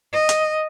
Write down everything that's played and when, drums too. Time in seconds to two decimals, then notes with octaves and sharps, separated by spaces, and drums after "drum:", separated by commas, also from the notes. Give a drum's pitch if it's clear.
0.13 D#5
0.29 drum: hi-hat